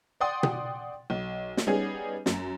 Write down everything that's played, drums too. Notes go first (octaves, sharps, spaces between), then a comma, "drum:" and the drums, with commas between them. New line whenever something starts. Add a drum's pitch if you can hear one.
D5 F#5 G5 C6 D#6 A6
drum: tom B2
B1
drum: snare
G3 B3 C#4 D#4 G#4
F#2, drum: snare